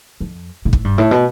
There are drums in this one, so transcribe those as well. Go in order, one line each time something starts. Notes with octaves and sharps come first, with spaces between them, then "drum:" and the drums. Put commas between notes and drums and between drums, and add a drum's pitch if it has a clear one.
F2
B2
A2, drum: kick
G2
A2
B2